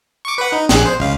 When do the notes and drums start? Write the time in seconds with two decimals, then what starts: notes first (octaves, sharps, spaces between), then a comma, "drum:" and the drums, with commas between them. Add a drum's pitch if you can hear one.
0.25 C#6 D6
0.38 B4 F#5
0.52 D#4
0.69 A#1 G#4 F#6, drum: snare
0.86 C5
1.00 C#2 F5